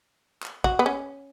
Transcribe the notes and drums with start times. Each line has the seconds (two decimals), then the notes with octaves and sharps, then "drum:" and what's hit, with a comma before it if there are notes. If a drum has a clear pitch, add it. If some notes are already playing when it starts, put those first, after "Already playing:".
0.43 drum: clap
0.64 F#4, drum: kick
0.79 B3
0.86 C#4